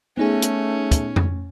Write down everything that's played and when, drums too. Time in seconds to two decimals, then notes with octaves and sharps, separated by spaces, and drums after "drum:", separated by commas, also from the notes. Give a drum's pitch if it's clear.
0.17 A3 B3 C#4 D#4 G#4
0.42 drum: hi-hat
0.92 drum: kick, hi-hat
1.16 drum: tom F2